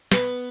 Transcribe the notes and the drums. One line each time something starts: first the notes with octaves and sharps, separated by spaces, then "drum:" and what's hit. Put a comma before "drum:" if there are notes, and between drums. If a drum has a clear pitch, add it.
B3, drum: snare